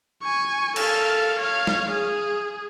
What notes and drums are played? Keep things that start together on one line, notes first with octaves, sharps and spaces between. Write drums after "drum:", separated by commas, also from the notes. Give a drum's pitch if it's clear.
G#5 C#6
A4 F5, drum: cymbal
C#5 F5
drum: snare
G#4